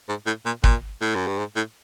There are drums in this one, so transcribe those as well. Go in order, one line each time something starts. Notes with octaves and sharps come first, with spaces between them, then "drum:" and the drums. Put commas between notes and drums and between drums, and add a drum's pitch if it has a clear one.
G#2
A2
A#2
A#2, drum: kick
A2
F#2
G2
G#2
A2